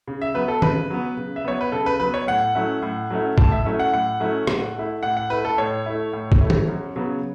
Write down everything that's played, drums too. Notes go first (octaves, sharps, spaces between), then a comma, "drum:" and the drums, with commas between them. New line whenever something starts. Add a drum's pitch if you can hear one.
C#3
E5
F#3 B3 B4
A4
C#3 B4, drum: tom
F#3 B3
C#3
E5
F#3 B3 C#5
B4
C#3 A4
B4
F#3 B3 B4
C#5
A2 F#5
F#3 A3 C#4 E4
A2
F#3 A3 C#4 E4
A2 A5, drum: kick
E5
F#3 A3 C#4 E4
F#5
A2 F#5
F#3 A3 C#4 E4
A2, drum: rim click
A3 E4
A2 F#5
F#5
A3 E4 B4
A4
A2 C#5
A3 E4
A2
drum: kick
A3 E4
drum: tom
F#2
C#3 F#3 B3